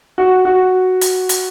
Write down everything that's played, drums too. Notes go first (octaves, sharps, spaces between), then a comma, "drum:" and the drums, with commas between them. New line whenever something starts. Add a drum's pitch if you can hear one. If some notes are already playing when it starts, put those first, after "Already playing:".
F#4
F#4
drum: hi-hat
drum: hi-hat